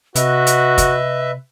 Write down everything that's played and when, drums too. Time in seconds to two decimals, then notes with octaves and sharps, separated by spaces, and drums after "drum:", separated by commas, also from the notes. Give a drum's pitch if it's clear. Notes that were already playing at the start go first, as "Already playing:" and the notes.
0.15 C3 F#4 B4 D#5 E5, drum: hi-hat
0.47 drum: hi-hat
0.78 drum: kick, hi-hat